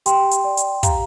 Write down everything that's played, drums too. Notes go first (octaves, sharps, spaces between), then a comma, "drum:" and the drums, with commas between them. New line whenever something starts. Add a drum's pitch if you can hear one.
G4 G5 C6, drum: hi-hat
drum: hi-hat
D5
drum: hi-hat
G4 F5 A#5, drum: kick, hi-hat